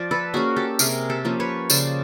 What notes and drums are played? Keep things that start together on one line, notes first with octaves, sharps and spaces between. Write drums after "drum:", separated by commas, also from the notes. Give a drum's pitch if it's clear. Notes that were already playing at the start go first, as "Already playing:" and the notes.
Already playing: F3 D5
A4 B4
A#3 C#4 F#4 G#4
G4 A4
C3 G#4 A#4, drum: tambourine
G4 A4
F3 A#3 C#4
B4 C#5
C#3 C5 D5, drum: tambourine